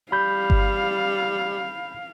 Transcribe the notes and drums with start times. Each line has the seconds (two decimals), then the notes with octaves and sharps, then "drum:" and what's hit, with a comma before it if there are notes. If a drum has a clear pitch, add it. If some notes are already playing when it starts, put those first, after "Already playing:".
0.12 G3 F5 B5 G6
0.50 drum: kick G1